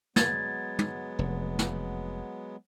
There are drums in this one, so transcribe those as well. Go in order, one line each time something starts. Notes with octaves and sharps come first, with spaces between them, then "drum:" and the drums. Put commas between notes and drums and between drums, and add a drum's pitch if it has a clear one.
F#3 G#3 B3 G#6 A6, drum: snare
drum: tom
F1
drum: snare